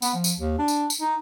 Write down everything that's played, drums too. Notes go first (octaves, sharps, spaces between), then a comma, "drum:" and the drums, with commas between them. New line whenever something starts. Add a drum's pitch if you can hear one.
B3, drum: tambourine
F3
drum: tambourine
D#2
D4
drum: tambourine
drum: tambourine
D#4